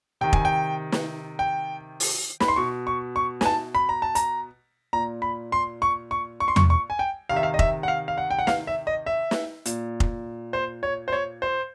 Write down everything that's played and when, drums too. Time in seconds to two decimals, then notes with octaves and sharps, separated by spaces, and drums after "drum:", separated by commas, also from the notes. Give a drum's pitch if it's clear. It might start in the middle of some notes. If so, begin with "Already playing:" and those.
0.21 C3 D#3 G5
0.33 G#5, drum: kick F1
0.45 G5
0.92 drum: snare
1.39 G5
2.00 drum: open hi-hat
2.40 B5, drum: snare
2.48 C6
2.56 B2 C#6
2.87 C#6
3.16 C#6
3.41 G#5, drum: snare
3.46 A5
3.75 B5
3.89 A#5
4.02 A5
4.15 A#5, drum: hi-hat
4.93 A#2 A#5
5.22 B5
5.52 C6
5.82 C#6
6.11 C#6
6.40 C#6
6.48 C6
6.56 C#6, drum: tom E2
6.70 C#6
6.90 G#5
6.99 G5
7.29 C3 D#3 F5
7.36 E5
7.43 F5
7.54 D#5
7.59 E5, drum: kick F1
7.83 F#5
7.88 F5
8.08 F5
8.18 F#5
8.31 G5
8.39 F#5
8.47 F5, drum: snare
8.67 E5
8.87 D#5
9.06 E5
9.31 drum: snare
9.65 A#2, drum: hi-hat
10.00 drum: kick F1
10.53 C5
10.83 C#5
11.08 C5
11.13 C#5
11.42 C5